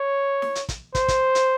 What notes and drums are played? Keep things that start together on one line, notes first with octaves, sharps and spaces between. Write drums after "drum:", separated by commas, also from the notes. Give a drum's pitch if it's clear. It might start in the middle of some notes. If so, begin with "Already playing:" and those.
Already playing: C#5
drum: snare
drum: hi-hat
drum: kick, hi-hat
C5, drum: kick, hi-hat
drum: kick, hi-hat
drum: hi-hat